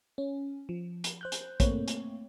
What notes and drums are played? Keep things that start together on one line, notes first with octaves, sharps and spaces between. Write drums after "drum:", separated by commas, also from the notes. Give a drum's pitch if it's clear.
C#4
F3
drum: hi-hat
C5 F#6 G6
drum: hi-hat
A3 A#3 C4 C#5, drum: kick, hi-hat
drum: hi-hat